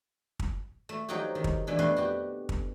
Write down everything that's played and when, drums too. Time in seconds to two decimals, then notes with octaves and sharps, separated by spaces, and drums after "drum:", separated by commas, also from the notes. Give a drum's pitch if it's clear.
0.39 drum: kick
0.89 A3
1.09 F3 F#3 D#4 F#4 G4
1.35 D#3
1.44 drum: kick
1.67 B2 E3 D4
1.79 F2 B2 A3 D4 B4 C6
1.97 F#4 G4
2.49 drum: kick